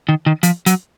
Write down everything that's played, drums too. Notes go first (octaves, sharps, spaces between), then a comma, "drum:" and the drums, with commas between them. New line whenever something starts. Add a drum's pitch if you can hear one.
D#3
D#3
F3, drum: hi-hat
F#3, drum: hi-hat